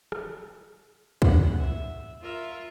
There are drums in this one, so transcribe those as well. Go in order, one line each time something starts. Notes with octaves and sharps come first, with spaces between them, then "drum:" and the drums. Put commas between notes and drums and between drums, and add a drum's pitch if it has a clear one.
drum: rim click
F#5, drum: kick
E5
F4 A#4 E5